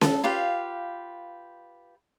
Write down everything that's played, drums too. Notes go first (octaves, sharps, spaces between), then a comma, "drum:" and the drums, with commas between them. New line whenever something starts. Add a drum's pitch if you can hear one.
A4, drum: snare C#4
F4 G4 B4 F5